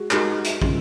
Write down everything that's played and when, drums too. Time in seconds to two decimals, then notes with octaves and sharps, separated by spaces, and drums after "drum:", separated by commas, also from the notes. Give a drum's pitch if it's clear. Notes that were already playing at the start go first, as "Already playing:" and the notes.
Already playing: G#3 F#4
0.11 G#3 D#4 F#4 A#4, drum: clap
0.44 drum: hi-hat
0.62 C#3 F3 G#3, drum: kick